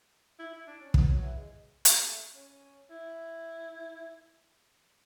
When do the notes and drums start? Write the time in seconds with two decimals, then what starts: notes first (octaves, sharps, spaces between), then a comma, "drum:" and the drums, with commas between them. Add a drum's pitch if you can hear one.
0.39 E4
0.53 E4
0.67 D4
0.81 C#4
0.94 B3, drum: kick
1.08 F#3
1.23 E3
1.37 G#3
1.85 drum: hi-hat
2.07 A3
2.35 C#4
2.90 E4